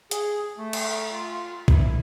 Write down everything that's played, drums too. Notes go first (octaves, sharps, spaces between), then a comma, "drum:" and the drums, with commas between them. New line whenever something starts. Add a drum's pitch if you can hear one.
G#4, drum: hi-hat
A3
drum: cymbal
F4
E4, drum: kick